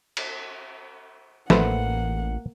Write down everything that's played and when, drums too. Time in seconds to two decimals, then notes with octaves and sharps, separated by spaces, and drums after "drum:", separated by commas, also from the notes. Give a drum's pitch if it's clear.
0.17 drum: cymbal
1.50 A1 A3 A#3 B4 C5 F#5, drum: snare